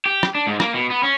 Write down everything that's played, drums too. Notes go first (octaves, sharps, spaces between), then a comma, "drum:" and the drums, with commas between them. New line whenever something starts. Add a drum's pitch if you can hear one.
G4
drum: rim click
D4
G#2
A#3, drum: rim click
B2
B3
C#4